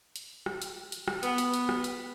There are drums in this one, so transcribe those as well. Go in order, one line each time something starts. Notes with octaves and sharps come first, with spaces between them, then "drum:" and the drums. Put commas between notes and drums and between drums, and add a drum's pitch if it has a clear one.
drum: hi-hat
drum: rim click
drum: hi-hat
drum: hi-hat
drum: rim click
B3, drum: hi-hat
drum: hi-hat
drum: hi-hat
drum: rim click
drum: hi-hat